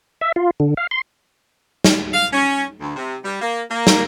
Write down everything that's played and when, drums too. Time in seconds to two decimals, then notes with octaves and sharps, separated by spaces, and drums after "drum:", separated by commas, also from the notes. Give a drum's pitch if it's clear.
0.21 E5
0.36 F4
0.60 D3
0.77 F5
0.91 C6
1.84 drum: snare
2.14 F5
2.33 C#4
2.80 D2
2.97 C3
3.24 G3
3.42 A#3
3.71 A#3
3.87 drum: snare